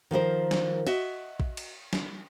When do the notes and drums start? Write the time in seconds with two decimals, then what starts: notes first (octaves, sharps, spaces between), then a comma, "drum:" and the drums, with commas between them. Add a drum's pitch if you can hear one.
0.11 D#3 F3 A#4 C5
0.51 drum: snare
0.87 F#4 D#5 E5, drum: cymbal
1.40 drum: kick A#1
1.57 drum: cymbal
1.93 drum: snare